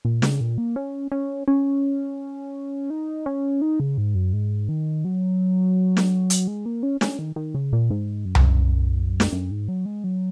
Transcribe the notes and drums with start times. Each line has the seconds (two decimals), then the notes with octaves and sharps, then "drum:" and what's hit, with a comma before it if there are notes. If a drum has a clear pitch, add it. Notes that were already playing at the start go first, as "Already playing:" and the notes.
0.05 A#2
0.22 C#3, drum: snare
0.41 A#2
0.58 A#3
0.76 C#4
1.12 C#4
1.48 C#4
2.90 D#4
3.26 C#4
3.62 D#4
3.80 C#3
3.98 G#2
4.15 F#2
4.33 G#2
4.69 D#3
5.05 F#3
5.97 drum: snare
6.30 drum: hi-hat
6.48 G#3
6.66 A#3
6.83 C#4
7.01 C#4, drum: snare
7.19 D#3
7.36 D#3
7.55 C#3
7.73 A#2
7.91 G#2
8.25 F#2
8.35 drum: tom C2
9.20 drum: snare
9.32 F#2
9.51 G#2
9.68 F#3
9.86 G#3
10.04 F#3